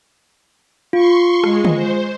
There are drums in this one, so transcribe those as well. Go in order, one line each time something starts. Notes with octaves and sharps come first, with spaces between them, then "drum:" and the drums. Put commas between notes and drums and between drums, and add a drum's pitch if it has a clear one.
F4 C6 C#6
G#3, drum: rim click
drum: tom D3
C5